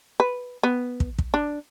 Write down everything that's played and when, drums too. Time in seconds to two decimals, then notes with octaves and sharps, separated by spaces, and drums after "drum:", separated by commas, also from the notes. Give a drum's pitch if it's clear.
0.20 B4
0.63 B3
1.00 drum: kick
1.19 drum: kick
1.34 D4